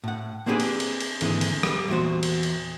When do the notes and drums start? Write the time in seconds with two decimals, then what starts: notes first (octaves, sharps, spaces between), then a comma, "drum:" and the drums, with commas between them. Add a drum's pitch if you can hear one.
0.04 A2 F#5
0.46 A#3 C4 D4 G4 G#4 B4
0.60 drum: cymbal
0.80 drum: cymbal
1.00 drum: cymbal
1.21 D#2 G#2 D3 E3 G#3 C4, drum: cymbal
1.41 drum: cymbal
1.63 G3, drum: rim click
1.88 E2 A#2 F#4 C5
2.23 drum: cymbal
2.43 drum: cymbal